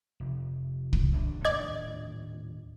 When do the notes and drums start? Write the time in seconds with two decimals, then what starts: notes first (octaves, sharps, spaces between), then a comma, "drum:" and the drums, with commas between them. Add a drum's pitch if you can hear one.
0.20 F1
0.93 drum: kick
1.12 D#1 A#1 D4
1.45 D#1 A2 D4 D5 D#5 G#6